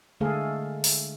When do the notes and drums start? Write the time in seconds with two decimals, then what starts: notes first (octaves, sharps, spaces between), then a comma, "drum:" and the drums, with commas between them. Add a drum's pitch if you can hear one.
0.21 D3 G#3 A3 G#4 A4 F5
0.84 drum: open hi-hat